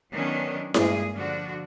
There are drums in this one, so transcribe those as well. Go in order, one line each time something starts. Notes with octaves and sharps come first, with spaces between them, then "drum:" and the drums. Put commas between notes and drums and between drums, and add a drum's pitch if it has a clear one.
D#3 F#3 B3 C#4 D4
G2 A#2 G3 G#3 G#4, drum: snare E4
D3 F3 D4 F#4